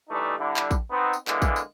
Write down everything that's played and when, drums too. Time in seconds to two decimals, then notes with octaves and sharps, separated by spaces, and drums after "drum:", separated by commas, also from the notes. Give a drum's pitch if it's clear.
0.10 E3 G3 A3 D4 D#4
0.39 D3 G3 E4
0.57 drum: clap
0.71 drum: kick, tambourine
0.91 B3 C4 D#4
1.13 drum: tambourine
1.28 D3 E3 G#3 A#3 B3 E4, drum: clap
1.42 drum: kick, tambourine
1.56 drum: tambourine